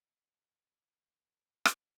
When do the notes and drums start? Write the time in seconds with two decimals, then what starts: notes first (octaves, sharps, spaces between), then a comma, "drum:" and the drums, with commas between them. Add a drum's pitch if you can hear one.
0.39 A#4
1.15 A#4
1.65 drum: rim click